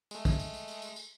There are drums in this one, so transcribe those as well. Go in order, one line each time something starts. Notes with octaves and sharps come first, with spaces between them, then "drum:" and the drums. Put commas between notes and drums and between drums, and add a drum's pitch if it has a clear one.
G#3 A3, drum: tambourine
drum: kick, tambourine
drum: tambourine
drum: tambourine
drum: tambourine
drum: tambourine
drum: tambourine